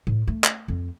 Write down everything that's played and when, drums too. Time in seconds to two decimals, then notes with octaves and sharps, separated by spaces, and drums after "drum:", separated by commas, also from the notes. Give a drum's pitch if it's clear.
0.07 A2
0.27 A3
0.44 drum: clap
0.68 F2